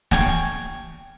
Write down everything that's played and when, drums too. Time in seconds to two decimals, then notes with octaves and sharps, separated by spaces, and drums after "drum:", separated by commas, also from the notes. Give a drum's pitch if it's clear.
0.11 G5 G#5 C#6, drum: snare